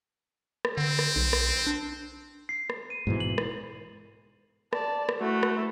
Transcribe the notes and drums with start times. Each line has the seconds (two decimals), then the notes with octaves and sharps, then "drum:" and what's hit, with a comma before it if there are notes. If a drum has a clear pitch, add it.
0.65 drum: rim click
0.77 D3 C4
0.99 drum: rim click
1.16 B1
1.33 drum: rim click
1.67 D4
2.49 C7
2.70 drum: rim click
2.90 D#7
3.07 G#2 B2 E3
3.20 F#7
3.38 drum: rim click
4.73 D5 A5, drum: rim click
5.09 drum: rim click
5.20 A3 E4 F#4
5.43 drum: rim click